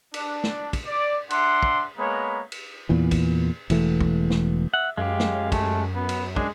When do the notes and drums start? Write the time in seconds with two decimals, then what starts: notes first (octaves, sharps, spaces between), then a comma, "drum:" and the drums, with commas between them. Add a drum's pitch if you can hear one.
0.14 D4, drum: cymbal
0.44 drum: snare
0.73 drum: kick, cymbal
0.87 D5
1.30 D4 E5 F#5 C6, drum: cymbal
1.63 drum: kick
1.98 G#3 A#3 B3 C#5 A#5 B5
2.52 drum: cymbal
2.89 E2 A#2 E3
3.11 drum: kick, cymbal
3.70 E1 E3 A3, drum: cymbal
4.01 drum: kick
4.30 drum: snare
4.74 E5 F#5
4.98 F#2 G#3 G4 F5
5.20 drum: snare
5.52 A3, drum: kick, cymbal
5.95 B3
6.09 drum: cymbal
6.36 G#3 D4 G#4, drum: kick